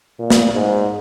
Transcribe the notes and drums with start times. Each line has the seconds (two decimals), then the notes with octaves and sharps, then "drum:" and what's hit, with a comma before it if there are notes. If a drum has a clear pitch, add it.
0.19 A#2
0.30 drum: snare
0.54 G#2